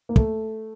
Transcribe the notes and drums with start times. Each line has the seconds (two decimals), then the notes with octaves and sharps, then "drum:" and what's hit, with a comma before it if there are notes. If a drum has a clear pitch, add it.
0.09 A#3
0.16 A3, drum: kick